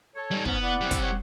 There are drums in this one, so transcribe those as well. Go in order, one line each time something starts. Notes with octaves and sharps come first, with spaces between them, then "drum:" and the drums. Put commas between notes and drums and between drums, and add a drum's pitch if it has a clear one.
A4 C#5
G3 D#4
G#2 B3 C#4, drum: kick
E4 D5 F#5
G3 C4
drum: kick, hi-hat
G4 C#5 F#5